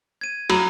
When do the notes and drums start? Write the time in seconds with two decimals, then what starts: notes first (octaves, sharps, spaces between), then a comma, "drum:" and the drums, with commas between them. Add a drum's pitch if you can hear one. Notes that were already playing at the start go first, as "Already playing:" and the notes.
0.21 G#6 D#7
0.50 F#3 B5, drum: cymbal